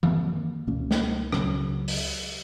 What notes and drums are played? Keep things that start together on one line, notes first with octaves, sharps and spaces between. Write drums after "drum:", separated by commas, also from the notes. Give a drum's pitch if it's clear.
F#2 D#3 A#3, drum: tom E3
C#2 B2 A#3 C#4
drum: snare
C#2 C#3 F#3 C#4, drum: rim click
drum: open hi-hat